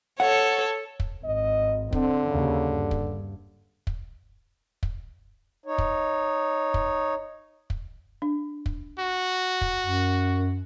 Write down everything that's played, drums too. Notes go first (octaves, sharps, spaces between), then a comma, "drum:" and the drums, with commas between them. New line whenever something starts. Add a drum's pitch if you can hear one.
A4 C#5 F#5
drum: kick
G#1 D#5
D3 C4, drum: kick
D#2 C#3
G2
drum: kick
drum: kick
drum: kick
D#4 C#5
drum: kick
drum: kick
drum: kick
D4
drum: kick
F#4
drum: kick
F#2